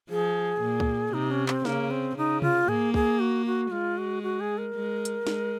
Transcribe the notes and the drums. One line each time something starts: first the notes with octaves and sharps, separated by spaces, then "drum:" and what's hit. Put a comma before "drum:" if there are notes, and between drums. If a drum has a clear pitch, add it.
F3 G#4
A#2
drum: kick C2
C3 D#4
C#4
C4, drum: clap
C#3 A#3, drum: snare
C4
C#3 D#4
F4, drum: tom C3
A#3 G#4, drum: tom G#2
G#4, drum: kick C2
F#4
F#4
G#3 F4
F#4
F#4
G#4
A#4
G#3
drum: hi-hat
G#3, drum: snare